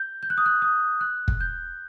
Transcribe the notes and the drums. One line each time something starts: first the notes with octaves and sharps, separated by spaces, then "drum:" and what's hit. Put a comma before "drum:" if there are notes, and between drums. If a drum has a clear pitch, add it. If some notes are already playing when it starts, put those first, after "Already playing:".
Already playing: G6
G6
F#6
D#6
F#6
D#6
F#6
drum: kick
G6